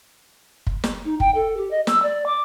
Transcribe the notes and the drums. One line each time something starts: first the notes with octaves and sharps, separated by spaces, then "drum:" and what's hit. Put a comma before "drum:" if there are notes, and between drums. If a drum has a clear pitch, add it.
drum: kick
drum: snare
D#4
G5, drum: kick
A4
G4
D#5
E6, drum: snare
D5
D6